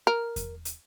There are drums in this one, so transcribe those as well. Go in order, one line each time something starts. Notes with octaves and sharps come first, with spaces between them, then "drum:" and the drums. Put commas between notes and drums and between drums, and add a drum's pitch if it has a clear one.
A#4
drum: kick E2, hi-hat
drum: hi-hat